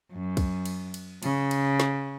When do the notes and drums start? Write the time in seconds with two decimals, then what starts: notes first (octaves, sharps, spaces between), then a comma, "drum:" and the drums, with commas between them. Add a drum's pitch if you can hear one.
0.12 F#2
0.37 drum: kick, cymbal
0.66 drum: cymbal
0.94 drum: cymbal
1.23 C#3, drum: cymbal
1.51 drum: cymbal
1.80 drum: snare